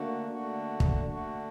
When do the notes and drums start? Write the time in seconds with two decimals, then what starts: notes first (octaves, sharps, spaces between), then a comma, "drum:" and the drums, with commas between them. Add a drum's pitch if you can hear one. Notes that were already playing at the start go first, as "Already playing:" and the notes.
Already playing: D3 A3 A#3 D4 F#4
0.31 D3 A3 D4 F#4
0.80 drum: kick
1.05 D3 A3 D4 F#4